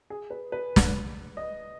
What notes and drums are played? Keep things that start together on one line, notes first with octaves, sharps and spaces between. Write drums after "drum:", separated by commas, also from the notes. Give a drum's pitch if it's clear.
G#4
B4
B4
drum: snare
D#5